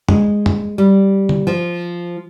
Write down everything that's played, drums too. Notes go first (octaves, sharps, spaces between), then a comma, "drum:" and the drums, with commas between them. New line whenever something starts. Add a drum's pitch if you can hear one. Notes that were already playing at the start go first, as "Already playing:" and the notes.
G#3, drum: tom
drum: tom
G3
drum: tom
F3